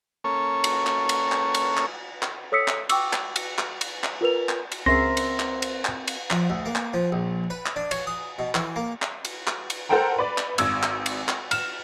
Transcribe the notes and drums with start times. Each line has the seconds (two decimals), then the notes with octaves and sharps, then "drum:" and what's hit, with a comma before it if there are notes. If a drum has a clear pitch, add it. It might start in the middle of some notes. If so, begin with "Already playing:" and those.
0.24 A#3 C#4 A4 C#5
0.64 drum: cymbal
0.87 drum: clap
1.09 drum: cymbal
1.32 drum: clap
1.55 drum: cymbal
1.77 drum: clap
2.22 drum: clap
2.52 A4 C#5 D#6 E6 B6 C#7
2.68 drum: clap
2.89 G5 C#6 D6 E6, drum: cymbal
3.13 drum: clap
3.36 drum: cymbal
3.58 drum: clap
3.81 drum: cymbal
4.04 drum: clap
4.21 F4 A#4 B4 F7
4.49 drum: clap
4.72 drum: cymbal
4.86 C#2 C4 A#4 C5 E5 A#6 C7
5.17 drum: cymbal
5.40 drum: clap
5.62 drum: cymbal
5.85 drum: clap
6.08 drum: cymbal
6.30 F3, drum: clap
6.50 D2
6.66 A#3
6.75 drum: clap
6.94 F3
7.12 A#1
7.50 B4
7.66 drum: clap
7.76 D4
7.91 C#5, drum: cymbal
8.07 D#6
8.39 B2
8.55 E3, drum: clap
8.76 A#3
9.02 drum: clap
9.25 drum: cymbal
9.47 drum: clap
9.70 drum: cymbal
9.89 A4 A#4 C5 F#5 G5 A#5
10.19 B4 D5
10.38 drum: clap
10.58 G#1 E6 G#6, drum: cymbal
10.83 drum: clap
11.06 drum: cymbal
11.28 drum: clap
11.51 F6 E7, drum: cymbal